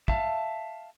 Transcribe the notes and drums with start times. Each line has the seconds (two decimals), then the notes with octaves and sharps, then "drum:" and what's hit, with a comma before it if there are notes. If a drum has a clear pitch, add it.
0.08 E5 F5 A5, drum: kick